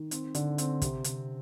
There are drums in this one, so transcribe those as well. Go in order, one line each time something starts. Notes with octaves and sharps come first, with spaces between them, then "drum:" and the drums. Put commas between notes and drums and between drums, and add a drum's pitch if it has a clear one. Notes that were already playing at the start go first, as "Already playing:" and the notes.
Already playing: D#3
C4, drum: hi-hat
D3, drum: hi-hat
C4, drum: hi-hat
C3, drum: kick, hi-hat
C3, drum: hi-hat